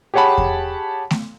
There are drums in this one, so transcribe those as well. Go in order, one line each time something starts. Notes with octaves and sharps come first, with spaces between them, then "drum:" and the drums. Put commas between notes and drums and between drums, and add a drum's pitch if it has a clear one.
G4 G#4 C#5 F#5 A5 B5
drum: kick E2
drum: snare A3